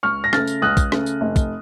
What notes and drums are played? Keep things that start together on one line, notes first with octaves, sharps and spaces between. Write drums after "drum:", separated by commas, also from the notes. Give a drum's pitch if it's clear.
C#2 C#6 F6
A#6
C#3 A3 F6 A6, drum: rim click
drum: tambourine
C#2 D#6 F#6
drum: kick, tambourine
C#3 A3, drum: rim click
drum: tambourine
F1
drum: kick, tambourine